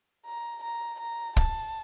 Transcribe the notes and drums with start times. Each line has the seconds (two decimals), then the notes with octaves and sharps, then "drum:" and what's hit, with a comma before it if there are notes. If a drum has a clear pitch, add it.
0.26 A#5
0.63 A#5
1.00 A#5
1.37 A5, drum: kick